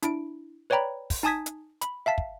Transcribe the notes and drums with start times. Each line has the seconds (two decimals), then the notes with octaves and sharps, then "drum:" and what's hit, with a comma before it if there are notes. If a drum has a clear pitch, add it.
0.03 D4 E4 D7, drum: hi-hat
0.70 B4 C#5 D5 G5 A#5 B5
1.10 drum: kick, open hi-hat
1.23 D#4 G#5 A5 D#6 G#6 B6
1.46 drum: hi-hat
1.81 B5, drum: hi-hat
2.06 E5 F5 A5 B6
2.18 drum: kick